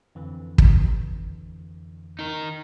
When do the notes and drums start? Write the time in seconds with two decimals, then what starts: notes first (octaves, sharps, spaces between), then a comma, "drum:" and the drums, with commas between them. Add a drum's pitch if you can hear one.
0.15 F2 D3 E3
0.58 drum: kick
2.19 D#4 A#4